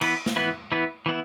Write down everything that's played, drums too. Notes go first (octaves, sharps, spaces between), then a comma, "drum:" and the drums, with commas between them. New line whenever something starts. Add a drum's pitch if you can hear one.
E3 B3 E4 B4, drum: cymbal
drum: snare
E3 B3 E4 B4
E3 B3 E4 B4
E3 B3 E4